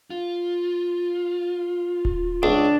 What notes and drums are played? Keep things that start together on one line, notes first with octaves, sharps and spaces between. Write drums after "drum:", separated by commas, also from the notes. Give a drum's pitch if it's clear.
F4
drum: kick D1
C#2 D4